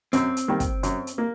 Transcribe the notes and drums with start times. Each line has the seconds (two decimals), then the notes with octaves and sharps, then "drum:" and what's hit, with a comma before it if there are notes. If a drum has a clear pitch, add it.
0.13 F#2 C4, drum: hi-hat
0.37 drum: hi-hat
0.48 D#3 G3 A#3
0.60 drum: kick, hi-hat
0.83 F#2, drum: hi-hat
1.07 drum: hi-hat
1.18 A#3